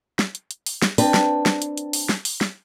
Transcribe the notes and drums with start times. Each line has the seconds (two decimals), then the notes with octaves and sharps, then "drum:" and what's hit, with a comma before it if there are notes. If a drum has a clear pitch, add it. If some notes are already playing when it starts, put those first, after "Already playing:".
0.19 drum: snare
0.35 drum: hi-hat
0.51 drum: hi-hat
0.66 drum: open hi-hat
0.82 drum: snare
0.98 C4 D4 B4, drum: open hi-hat
1.14 drum: snare
1.46 drum: snare
1.62 drum: hi-hat
1.78 drum: hi-hat
1.93 drum: open hi-hat
2.09 drum: snare
2.25 drum: open hi-hat
2.41 drum: snare